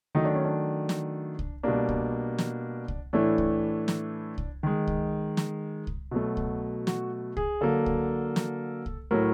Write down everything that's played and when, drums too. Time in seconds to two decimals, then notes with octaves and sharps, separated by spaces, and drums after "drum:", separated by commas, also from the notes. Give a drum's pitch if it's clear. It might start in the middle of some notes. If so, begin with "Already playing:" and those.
0.15 D#3 F#3 A3 D#4
0.25 D4
0.35 C#4
0.44 D4
0.89 drum: snare
1.39 drum: kick C2
1.63 B2 G3 A#3 D4
1.89 drum: kick C2
2.38 drum: snare
2.88 drum: kick C2
3.13 A2 E3 A3 D4
3.38 drum: kick C2
3.88 drum: snare
4.38 drum: kick C2
4.63 D#3 G#3
4.87 drum: kick C2
5.37 drum: snare
5.87 drum: kick C2
6.11 B2 F#3 A3
6.37 drum: kick C2
6.87 F#4, drum: snare
7.37 G#4, drum: kick C2
7.61 D3 F#3 A#3 A4
7.86 drum: kick C2
8.36 drum: snare
8.86 drum: kick C2
9.11 A2 F#3 A3 A#4